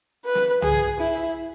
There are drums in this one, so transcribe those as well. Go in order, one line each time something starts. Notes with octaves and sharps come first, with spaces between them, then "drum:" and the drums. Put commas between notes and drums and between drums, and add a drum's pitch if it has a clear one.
B4
drum: snare
G#4, drum: tom C2
E4